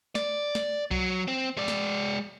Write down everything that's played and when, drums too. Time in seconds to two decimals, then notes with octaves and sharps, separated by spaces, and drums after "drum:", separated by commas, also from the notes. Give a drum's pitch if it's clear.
0.15 D5, drum: snare
0.55 drum: snare
0.91 F#3, drum: kick B1
1.28 C4
1.57 G#3 D5
1.68 drum: snare